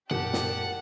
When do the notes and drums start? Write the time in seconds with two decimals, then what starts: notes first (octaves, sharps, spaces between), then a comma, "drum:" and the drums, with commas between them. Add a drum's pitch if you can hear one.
0.11 F#2 A#2 G4 A#4 F#5 A5, drum: tom B2
0.33 drum: snare